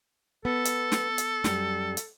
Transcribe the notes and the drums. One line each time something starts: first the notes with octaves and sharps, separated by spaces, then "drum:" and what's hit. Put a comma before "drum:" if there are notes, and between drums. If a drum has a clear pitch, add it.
B3 A4
drum: hi-hat
drum: snare
drum: hi-hat
F#2 G3, drum: snare
drum: hi-hat